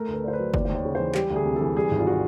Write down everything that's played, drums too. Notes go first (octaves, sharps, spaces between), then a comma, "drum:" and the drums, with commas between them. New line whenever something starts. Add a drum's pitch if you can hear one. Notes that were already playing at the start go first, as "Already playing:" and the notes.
Already playing: A3 A#4
D2
B4
D3 C5
B4
F#3
D#2 D5, drum: kick
D#2 C5
C#5
C#3
E3 C5
G3 G4, drum: clap
D2
G#4
C3
E3 A4
G3 G#4
G#1
F4
F#4